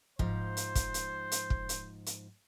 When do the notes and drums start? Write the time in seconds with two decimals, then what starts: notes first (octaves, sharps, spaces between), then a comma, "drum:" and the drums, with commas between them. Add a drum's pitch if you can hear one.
0.19 G#2 F3 C5, drum: kick
0.57 drum: hi-hat
0.75 drum: kick, hi-hat
0.94 drum: hi-hat
1.32 drum: hi-hat
1.50 drum: kick
1.69 drum: hi-hat
2.06 drum: hi-hat